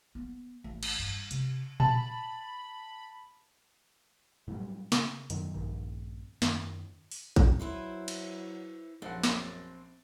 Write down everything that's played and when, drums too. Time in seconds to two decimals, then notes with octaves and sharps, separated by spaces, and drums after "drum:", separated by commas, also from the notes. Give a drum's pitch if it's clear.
0.15 B3
0.64 A1
0.83 drum: cymbal
0.99 G2
1.31 C3, drum: hi-hat
1.80 A5 B5, drum: tom A#2
4.48 A2 F#3 G3
4.92 C#3, drum: snare
5.30 F#2 D#3 F#3, drum: hi-hat
5.54 A#1 G2 D#3
6.42 F#2 D#3, drum: snare
7.11 drum: open hi-hat
7.36 drum: kick A#1
7.59 F#3 E4 B4 C5
8.08 drum: cymbal
9.02 A#1 F#2 C4 F#5
9.23 drum: snare